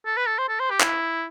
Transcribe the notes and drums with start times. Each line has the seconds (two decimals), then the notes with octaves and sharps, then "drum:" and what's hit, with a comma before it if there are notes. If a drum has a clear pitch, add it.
0.06 A4
0.17 B4
0.26 A4
0.38 C5
0.48 A4
0.60 C5
0.70 G4
0.80 E4, drum: clap